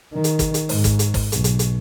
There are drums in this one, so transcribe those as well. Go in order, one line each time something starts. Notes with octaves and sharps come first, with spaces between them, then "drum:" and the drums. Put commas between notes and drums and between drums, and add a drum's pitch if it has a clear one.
D#3
drum: hi-hat
drum: kick, hi-hat
drum: hi-hat
G#2, drum: open hi-hat
drum: kick, hi-hat
drum: hi-hat
drum: kick, open hi-hat
B1, drum: hi-hat
drum: hi-hat
drum: hi-hat